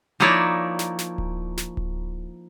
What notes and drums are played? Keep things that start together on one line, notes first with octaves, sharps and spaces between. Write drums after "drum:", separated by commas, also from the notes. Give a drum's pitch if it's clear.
F3 A#3 D#4 E4 C#5 D5
drum: snare
drum: snare
drum: kick D1
drum: snare
drum: kick D1